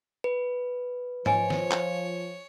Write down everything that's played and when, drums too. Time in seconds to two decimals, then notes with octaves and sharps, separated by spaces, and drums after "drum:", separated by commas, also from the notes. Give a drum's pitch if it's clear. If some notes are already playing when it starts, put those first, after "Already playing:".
0.24 B4
1.26 F3 C#5 D#5 G#5, drum: tom G#2
1.50 drum: snare
1.71 drum: clap